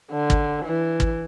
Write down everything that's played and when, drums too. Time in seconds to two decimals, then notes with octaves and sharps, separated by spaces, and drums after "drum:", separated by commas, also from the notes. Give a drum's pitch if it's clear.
0.12 D3
0.30 drum: kick
0.65 E3
1.00 drum: kick